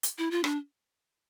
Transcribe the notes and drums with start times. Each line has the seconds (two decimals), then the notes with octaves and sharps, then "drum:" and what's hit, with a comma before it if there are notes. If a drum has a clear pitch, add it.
0.03 drum: hi-hat
0.18 E4
0.31 F4
0.44 D4, drum: rim click